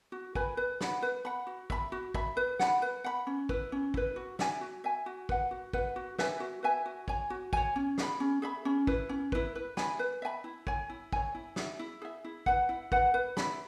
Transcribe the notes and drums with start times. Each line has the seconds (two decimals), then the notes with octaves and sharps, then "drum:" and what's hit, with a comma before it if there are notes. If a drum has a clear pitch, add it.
0.12 F#4
0.35 B4 G#5 B5, drum: kick
0.57 B4
0.81 F#5 B5, drum: snare
1.02 B4
1.25 F#5 B5
1.47 F#4
1.70 E5 B5, drum: kick
1.92 F#4
2.14 E5 B5, drum: kick
2.37 B4
2.59 F#5 B5, drum: snare
2.82 B4
3.04 F#5 B5
3.27 C#4
3.49 E4 B4, drum: kick
3.72 C#4
3.94 E4 B4, drum: kick
4.16 F#4
4.39 E5 G#5, drum: snare
4.61 F#4
4.84 E5 G#5
5.06 F#4
5.29 B4 F#5, drum: kick
5.51 F#4
5.73 B4 F#5, drum: kick
5.96 F#4
6.18 B4 E5 G#5, drum: snare
6.40 F#4
6.63 B4 E5 G#5
6.86 F#4
7.08 C#5 G#5, drum: kick
7.30 F#4
7.53 C#5 G#5, drum: kick
7.76 C#4
7.98 G#4 E5 B5, drum: snare
8.20 C#4
8.42 G#4 E5 B5
8.65 C#4
8.87 E4 B4, drum: kick
9.09 C#4
9.32 E4 B4, drum: kick
9.55 B4
9.77 E5 G#5 B5, drum: snare
9.99 B4
10.22 E5 G#5 B5
10.44 E4
10.67 C#5 G#5, drum: kick
10.90 E4
11.12 C#5 G#5, drum: kick
11.35 E4
11.56 G#4 E5, drum: snare
11.79 E4
12.02 G#4 E5
12.24 E4
12.46 B4 F#5, drum: kick
12.69 E4
12.92 B4 F#5, drum: kick
13.14 B4
13.37 E5 B5, drum: snare